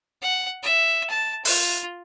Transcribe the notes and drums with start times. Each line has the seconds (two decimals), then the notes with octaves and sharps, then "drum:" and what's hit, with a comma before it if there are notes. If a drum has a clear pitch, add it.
0.22 F#5
0.63 E5
1.10 A5
1.45 F4, drum: open hi-hat